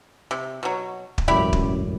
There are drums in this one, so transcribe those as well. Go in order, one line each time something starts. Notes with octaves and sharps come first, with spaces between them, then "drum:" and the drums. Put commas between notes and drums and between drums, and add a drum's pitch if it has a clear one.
C3
B2 F#3
drum: kick
E1 A1 F#2 E4 G4 D5
drum: kick